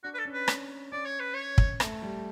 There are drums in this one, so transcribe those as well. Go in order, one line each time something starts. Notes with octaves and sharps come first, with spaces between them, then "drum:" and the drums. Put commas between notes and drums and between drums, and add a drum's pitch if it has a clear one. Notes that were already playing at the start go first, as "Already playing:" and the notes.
D4 F#4
B4
A4
C#4
B4
C#4, drum: rim click
C#4 D5
C#5
B4
C#5
drum: kick
A3, drum: rim click
G3